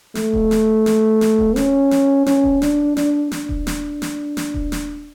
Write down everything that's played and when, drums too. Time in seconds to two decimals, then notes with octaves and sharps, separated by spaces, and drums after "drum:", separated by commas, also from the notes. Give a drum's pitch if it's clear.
0.15 A3, drum: snare
0.33 drum: kick D#1
0.51 drum: snare
0.86 drum: snare
1.21 drum: snare
1.39 drum: kick D#1
1.56 C#4, drum: snare
1.91 drum: snare
2.26 C#4, drum: snare
2.44 drum: kick D#1
2.62 D4, drum: snare
2.97 D4, drum: snare
3.32 D4, drum: snare
3.49 drum: kick D#1
3.67 drum: snare
4.02 drum: snare
4.37 drum: snare
4.54 drum: kick D#1
4.72 drum: snare